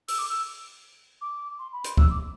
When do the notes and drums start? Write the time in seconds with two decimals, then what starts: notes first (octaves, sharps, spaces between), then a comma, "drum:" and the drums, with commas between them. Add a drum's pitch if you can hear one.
0.08 E6, drum: open hi-hat
0.18 D6
0.29 E6
1.21 D6
1.59 C6
1.73 B5
1.84 C6, drum: hi-hat
1.97 E6, drum: kick C#2
2.10 D6